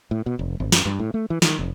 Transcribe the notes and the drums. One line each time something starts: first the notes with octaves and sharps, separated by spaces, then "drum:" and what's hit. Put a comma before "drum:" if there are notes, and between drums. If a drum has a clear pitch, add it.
A2
B2
F1
G#1
F#2, drum: snare
G2
A2
A3
E3
D#3, drum: snare
F1